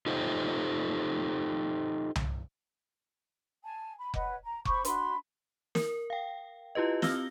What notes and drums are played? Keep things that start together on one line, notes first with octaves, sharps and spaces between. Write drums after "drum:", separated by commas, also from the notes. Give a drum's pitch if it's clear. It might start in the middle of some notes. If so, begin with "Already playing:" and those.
D#4 F4 G4 A4 C5
drum: tom C2
G#5 A5
B5
B4 C#5 D#5 F#5, drum: kick F1
A#5
C5 B5 C#6 D6, drum: kick F1
D4 F#4 B5 C6, drum: hi-hat
A#4, drum: snare
F5 G5
E4 F4 G4 B4 D#5
C4 E6 F6 A#6 G7, drum: snare